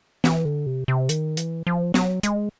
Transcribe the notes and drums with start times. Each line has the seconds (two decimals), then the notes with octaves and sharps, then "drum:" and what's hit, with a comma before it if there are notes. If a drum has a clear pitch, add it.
0.24 E3, drum: snare
0.45 D3
0.66 C3
0.88 C3
1.09 D#3, drum: hi-hat
1.37 E3, drum: hi-hat
1.67 F3
1.94 F#3, drum: snare
2.23 G#3, drum: hi-hat